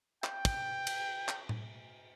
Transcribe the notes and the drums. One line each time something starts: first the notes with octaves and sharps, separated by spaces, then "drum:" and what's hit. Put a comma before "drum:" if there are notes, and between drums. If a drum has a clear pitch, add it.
G5, drum: clap
drum: kick, cymbal
drum: cymbal
drum: clap
drum: tom A2